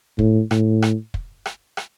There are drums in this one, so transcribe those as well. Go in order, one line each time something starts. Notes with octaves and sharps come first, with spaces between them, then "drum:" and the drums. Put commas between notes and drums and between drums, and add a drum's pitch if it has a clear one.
A2, drum: kick
A2, drum: rim click
drum: rim click
drum: kick
drum: rim click
drum: rim click